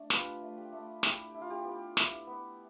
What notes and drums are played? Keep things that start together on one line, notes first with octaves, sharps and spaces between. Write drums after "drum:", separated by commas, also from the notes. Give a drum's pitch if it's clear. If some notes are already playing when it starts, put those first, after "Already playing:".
Already playing: A3 D4
F4 G4 B4, drum: snare
A3
G4
A3
E4 G4, drum: snare
E4
F4
G4
B3
E4, drum: snare
B3